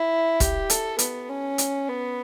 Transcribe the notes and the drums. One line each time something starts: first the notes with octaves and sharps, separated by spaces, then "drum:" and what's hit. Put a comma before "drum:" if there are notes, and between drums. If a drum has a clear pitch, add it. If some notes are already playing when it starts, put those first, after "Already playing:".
Already playing: E4
G4, drum: kick, hi-hat
A4, drum: hi-hat
B3, drum: hi-hat
C#4
drum: hi-hat
B3